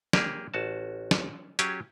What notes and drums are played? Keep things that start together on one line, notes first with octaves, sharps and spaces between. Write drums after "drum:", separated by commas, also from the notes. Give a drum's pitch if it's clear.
A#3 G4 G#4, drum: snare
A1 F#4 A5
drum: snare
F#3 C#4 G4 G#4, drum: hi-hat